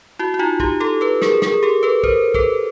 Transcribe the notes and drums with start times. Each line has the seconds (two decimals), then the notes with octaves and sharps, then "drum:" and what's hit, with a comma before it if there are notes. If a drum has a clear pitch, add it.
0.19 E4 F#4
0.34 E4
0.39 D#4 F4
0.60 F4 G4, drum: kick
0.80 G4 A4
1.01 A4 B4
1.22 G#4 A#4, drum: snare
1.42 G#4 A#4, drum: snare
1.63 G4 A4
1.83 A4 B4
2.04 A#4 C5, drum: kick
2.34 A4 B4, drum: kick